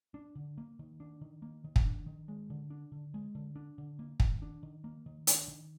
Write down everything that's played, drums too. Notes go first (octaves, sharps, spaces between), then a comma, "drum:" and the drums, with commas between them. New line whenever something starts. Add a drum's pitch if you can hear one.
D4
D3
A#3
D#3
D4
D#3
A#3
D#3
drum: kick
D4
D#3
G#3
D3
D4
D3
G#3
D3
D4
D3
A#3
D#3, drum: kick
D4
D#3
A#3
D#3
D4, drum: hi-hat
D#3